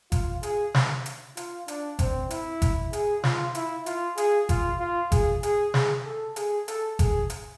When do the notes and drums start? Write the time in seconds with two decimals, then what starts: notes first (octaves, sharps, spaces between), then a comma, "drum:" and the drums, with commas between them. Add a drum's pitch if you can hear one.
0.12 F4, drum: kick G1, hi-hat
0.43 G#4, drum: hi-hat
0.74 drum: snare
1.06 drum: hi-hat
1.37 F4, drum: hi-hat
1.68 D4, drum: hi-hat
1.99 C4, drum: kick G1, hi-hat
2.31 E4, drum: hi-hat
2.62 drum: kick G1, hi-hat
2.93 G#4, drum: hi-hat
3.24 F4, drum: snare
3.55 E4, drum: hi-hat
3.86 F4, drum: hi-hat
4.18 G#4, drum: hi-hat
4.49 F4, drum: kick G1, hi-hat
4.79 F4
5.12 G#4, drum: kick G1, hi-hat
5.43 G#4, drum: hi-hat
5.74 G#4, drum: snare
6.05 A4
6.36 G#4, drum: hi-hat
6.68 A4, drum: hi-hat
6.99 G#4, drum: kick G1, hi-hat
7.30 drum: hi-hat